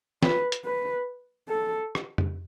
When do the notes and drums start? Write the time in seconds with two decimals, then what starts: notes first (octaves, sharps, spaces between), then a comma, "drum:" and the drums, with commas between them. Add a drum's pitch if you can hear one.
0.23 B4, drum: snare
0.52 drum: hi-hat
0.65 B4
1.48 A4
1.95 drum: rim click
2.18 drum: tom F2